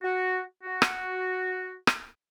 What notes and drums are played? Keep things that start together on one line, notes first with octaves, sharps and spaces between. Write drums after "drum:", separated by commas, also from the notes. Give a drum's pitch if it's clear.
F#4
F#4
drum: rim click
drum: rim click